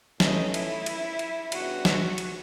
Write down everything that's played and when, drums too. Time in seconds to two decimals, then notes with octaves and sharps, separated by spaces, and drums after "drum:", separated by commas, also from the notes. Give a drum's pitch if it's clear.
0.20 A2 E3 A3 C#4 D#4, drum: snare
0.54 E4, drum: cymbal
0.86 drum: cymbal
1.19 drum: cymbal
1.52 C#3 E3 G3 B3 D4 F#4, drum: cymbal
1.85 drum: snare
2.18 drum: cymbal